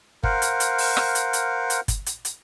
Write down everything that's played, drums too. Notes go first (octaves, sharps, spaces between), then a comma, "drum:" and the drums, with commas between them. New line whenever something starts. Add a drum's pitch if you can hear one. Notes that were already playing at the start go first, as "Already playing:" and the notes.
A#4 C5 F5 F#5, drum: kick G1
drum: hi-hat
drum: hi-hat
drum: open hi-hat
drum: rim click
drum: hi-hat
drum: hi-hat
drum: hi-hat
drum: kick G1, hi-hat
drum: hi-hat
drum: hi-hat